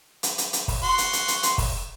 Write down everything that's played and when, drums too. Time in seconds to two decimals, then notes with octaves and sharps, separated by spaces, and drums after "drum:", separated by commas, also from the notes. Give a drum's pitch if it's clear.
0.23 drum: hi-hat
0.38 drum: hi-hat
0.53 drum: hi-hat
0.68 drum: kick, open hi-hat
0.83 F#4 C6
0.98 drum: hi-hat
1.13 drum: hi-hat
1.28 drum: hi-hat
1.43 drum: hi-hat
1.58 drum: kick, open hi-hat